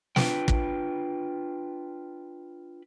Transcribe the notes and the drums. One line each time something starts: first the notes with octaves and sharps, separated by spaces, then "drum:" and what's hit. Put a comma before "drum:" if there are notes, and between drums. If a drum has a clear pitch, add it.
D4 F4 F#4 B4 G5, drum: snare
drum: kick